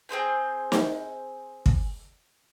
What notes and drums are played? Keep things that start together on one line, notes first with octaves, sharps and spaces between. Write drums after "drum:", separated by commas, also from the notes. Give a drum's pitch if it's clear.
C4 G#4 C5 G#5
drum: snare
drum: kick